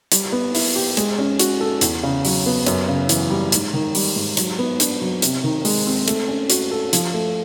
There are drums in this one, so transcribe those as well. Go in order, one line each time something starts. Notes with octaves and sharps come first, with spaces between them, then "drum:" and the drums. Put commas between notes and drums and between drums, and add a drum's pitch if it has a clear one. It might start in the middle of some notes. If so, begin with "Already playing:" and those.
G3, drum: hi-hat
B3
E4, drum: open hi-hat
G4
G#3, drum: hi-hat
C#4
F#4, drum: hi-hat
A4
E2, drum: hi-hat
C#3
F#3, drum: open hi-hat
B3
F#2, drum: hi-hat
C#3
E3, drum: hi-hat
G3
G#2, drum: hi-hat
D#3
G3, drum: open hi-hat
G#2
F#3, drum: hi-hat
B3
D4, drum: hi-hat
F#3
C3, drum: hi-hat
D#3
G#3, drum: open hi-hat
C4
A3, drum: hi-hat
C#4
F#4, drum: hi-hat
A4
F3, drum: hi-hat
A3